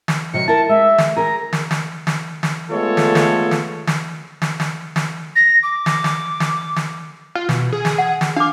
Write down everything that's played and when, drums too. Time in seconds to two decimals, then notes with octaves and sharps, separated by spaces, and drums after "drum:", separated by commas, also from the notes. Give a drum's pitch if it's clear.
0.08 drum: snare
0.33 C3 D#3 F#3 C#7
0.48 E4 A#4 A5
0.69 G#3 E5
0.98 drum: snare
1.16 G#4 A#4 A#5
1.53 drum: snare
1.71 drum: snare
2.07 drum: snare
2.43 drum: snare
2.71 G#3 A3 B3 F4 A4 C#5
2.97 drum: snare
3.15 drum: snare
3.51 drum: snare
3.87 drum: snare
4.42 drum: snare
4.60 drum: snare
4.96 drum: snare
5.36 A#6
5.63 D6
5.86 drum: snare
6.04 drum: snare
6.40 drum: snare
6.76 drum: snare
7.35 F4
7.49 B2, drum: snare
7.73 G#4
7.85 drum: snare
7.98 F#5
8.21 drum: snare
8.36 D4 F5 D6